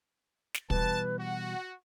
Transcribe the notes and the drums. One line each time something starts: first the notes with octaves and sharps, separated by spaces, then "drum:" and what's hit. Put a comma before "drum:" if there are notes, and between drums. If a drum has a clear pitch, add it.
drum: snare
B2 E3 G3 B4 A5, drum: kick
F#4 F#5